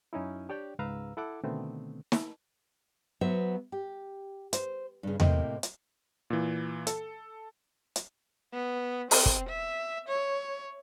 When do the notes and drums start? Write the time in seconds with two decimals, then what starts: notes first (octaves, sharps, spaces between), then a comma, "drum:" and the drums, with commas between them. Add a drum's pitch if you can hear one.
0.13 F#2 C#4 D#4 E4
0.49 D4 G4 C#5 D5 G5
0.79 C#2 G#2 B4 F5 A#5 E6
1.17 E4 A4 F#5 D6
1.44 B2 D3 D#3 A3 B3 C4
2.12 drum: snare
3.21 F#3 B3 F#4 C5 E5
3.72 G4
4.53 C5, drum: hi-hat
5.03 G2 C#3
5.20 A2 C3 A#3 C4 E4 D#5, drum: tom E2
5.63 drum: hi-hat
6.30 A#2 E3
6.87 A4, drum: hi-hat
7.96 drum: hi-hat
8.53 B3
9.11 C4, drum: open hi-hat
9.26 drum: kick
9.49 E5
10.08 C#5